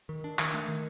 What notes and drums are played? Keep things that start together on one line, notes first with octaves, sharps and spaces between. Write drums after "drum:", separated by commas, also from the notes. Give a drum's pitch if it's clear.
D#3
D4
D#3, drum: clap
A3
D#3